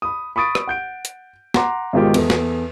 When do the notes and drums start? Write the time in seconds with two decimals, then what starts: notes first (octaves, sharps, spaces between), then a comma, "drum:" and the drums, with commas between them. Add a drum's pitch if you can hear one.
0.02 B5 D#6
0.36 B5 C#6 D#6 A6 D7
0.55 drum: rim click
0.67 F#5 G6 D7
1.05 drum: hi-hat
1.54 F#5 A#5 C6 D6, drum: snare
1.93 G#2 B2 D#3 G#3 F4 G4
2.14 E2 A4, drum: cymbal
2.30 drum: snare